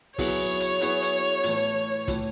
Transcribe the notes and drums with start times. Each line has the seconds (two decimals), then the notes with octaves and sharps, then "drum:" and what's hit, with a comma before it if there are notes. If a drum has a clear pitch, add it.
0.18 F#3 B3 E4 G#4 C#5, drum: kick, open hi-hat
0.60 drum: hi-hat
0.81 F#3 B3 E4 G#4, drum: hi-hat
1.02 drum: hi-hat
1.44 A2 E3 A3, drum: hi-hat
2.08 A2 E3 A3, drum: kick, hi-hat